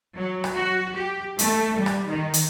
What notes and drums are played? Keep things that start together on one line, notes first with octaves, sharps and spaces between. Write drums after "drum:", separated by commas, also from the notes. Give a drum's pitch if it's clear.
F#3
drum: rim click
F#4
G4
A3, drum: hi-hat
G3
drum: rim click
D#3
drum: hi-hat